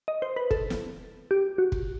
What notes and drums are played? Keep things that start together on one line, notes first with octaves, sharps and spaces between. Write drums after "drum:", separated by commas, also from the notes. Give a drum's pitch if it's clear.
D#5
C5
B4
A4, drum: kick
drum: snare
G4
F#4
drum: kick